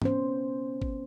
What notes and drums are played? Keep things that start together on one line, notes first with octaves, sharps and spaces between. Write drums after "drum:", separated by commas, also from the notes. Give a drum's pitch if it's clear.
B3 C#4 C5, drum: tom G#2
drum: kick G#1